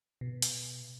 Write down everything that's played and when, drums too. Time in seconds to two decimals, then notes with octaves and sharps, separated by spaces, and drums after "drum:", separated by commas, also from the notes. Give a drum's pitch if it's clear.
0.21 B2
0.42 drum: hi-hat